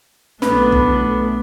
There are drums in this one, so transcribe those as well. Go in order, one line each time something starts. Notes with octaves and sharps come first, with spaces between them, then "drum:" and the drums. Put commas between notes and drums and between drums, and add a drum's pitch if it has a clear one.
B1 E3 A3 B3 D4 B4, drum: snare
drum: kick